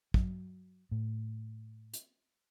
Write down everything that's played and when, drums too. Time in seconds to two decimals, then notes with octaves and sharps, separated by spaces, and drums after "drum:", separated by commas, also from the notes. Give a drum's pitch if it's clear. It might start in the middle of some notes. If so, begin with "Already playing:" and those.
0.14 F#3, drum: kick
0.91 A2
1.93 drum: hi-hat